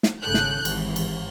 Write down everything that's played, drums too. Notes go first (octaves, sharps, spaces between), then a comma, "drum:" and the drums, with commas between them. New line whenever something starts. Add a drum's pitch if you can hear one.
drum: snare
G#1 C#3 A4 F#6 G6
drum: snare
G#1 E3, drum: cymbal
drum: cymbal